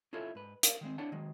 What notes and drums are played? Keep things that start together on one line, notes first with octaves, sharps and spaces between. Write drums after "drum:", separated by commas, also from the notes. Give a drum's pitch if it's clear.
C#4 E4 F4 A4 C#5
G#2 B4
A#4 F5, drum: hi-hat
D#3 G#3 C4
D4 E4 C#5 D5 F#5 A5
D#3 F#3 G#3